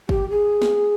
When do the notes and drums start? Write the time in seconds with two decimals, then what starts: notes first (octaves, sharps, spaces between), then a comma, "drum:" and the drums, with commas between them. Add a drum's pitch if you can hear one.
0.09 G4, drum: kick
0.30 G#4
0.62 drum: snare